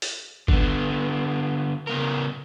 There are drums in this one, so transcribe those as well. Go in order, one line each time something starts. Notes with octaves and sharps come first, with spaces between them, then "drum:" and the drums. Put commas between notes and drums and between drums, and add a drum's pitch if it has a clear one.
drum: open hi-hat
D3 B3, drum: kick G1
C#3 B3 A#4